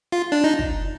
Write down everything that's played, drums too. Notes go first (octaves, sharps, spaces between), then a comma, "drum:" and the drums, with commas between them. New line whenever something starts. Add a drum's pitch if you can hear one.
F4
D4
D#4
drum: kick